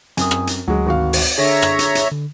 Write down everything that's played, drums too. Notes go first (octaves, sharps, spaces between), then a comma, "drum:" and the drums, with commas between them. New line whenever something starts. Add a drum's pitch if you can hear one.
F#2 C4 G#5 D#6, drum: hi-hat
drum: rim click
drum: hi-hat
D2 F#3 G#3
G#1 F#4 F5
drum: open hi-hat
D3 G#4 C#5 E5 A#5
drum: rim click
drum: hi-hat
drum: hi-hat
D3